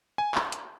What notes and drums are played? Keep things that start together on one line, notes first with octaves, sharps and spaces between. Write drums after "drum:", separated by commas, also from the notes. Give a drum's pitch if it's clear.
G#5
drum: clap
drum: hi-hat